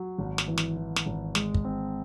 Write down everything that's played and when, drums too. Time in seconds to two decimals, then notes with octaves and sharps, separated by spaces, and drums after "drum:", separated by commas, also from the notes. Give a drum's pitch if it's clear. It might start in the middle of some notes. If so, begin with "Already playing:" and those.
Already playing: F#3
0.18 G#1
0.38 drum: snare
0.48 E3
0.58 drum: snare
0.77 E3
0.96 drum: snare
1.06 G#1
1.35 G#3, drum: snare
1.55 drum: kick
1.64 C4